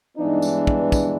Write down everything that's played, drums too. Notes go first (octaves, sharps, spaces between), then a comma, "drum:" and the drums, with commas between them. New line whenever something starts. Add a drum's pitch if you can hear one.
G2 E3 G#3 B3 D4 D#4
drum: tambourine
drum: kick
drum: kick, tambourine